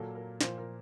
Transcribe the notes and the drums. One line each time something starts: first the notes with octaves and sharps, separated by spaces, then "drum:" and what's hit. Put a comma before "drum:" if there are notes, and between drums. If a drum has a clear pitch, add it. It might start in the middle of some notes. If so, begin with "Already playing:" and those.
Already playing: A#2 F#3 A#3 A4
A#4
A#2 F3 A#3 C5, drum: snare
A#4